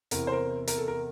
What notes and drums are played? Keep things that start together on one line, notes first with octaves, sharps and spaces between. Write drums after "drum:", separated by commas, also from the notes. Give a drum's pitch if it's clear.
E2 C3 E3 A#4, drum: hi-hat
C5
A#4
A#4, drum: hi-hat
A4
A#4